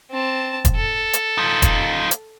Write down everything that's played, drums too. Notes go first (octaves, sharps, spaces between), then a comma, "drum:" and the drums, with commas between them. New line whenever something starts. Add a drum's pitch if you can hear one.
C4 A5
drum: kick E1, hi-hat
A4
drum: hi-hat
D#4 F4
drum: kick E1, hi-hat
drum: hi-hat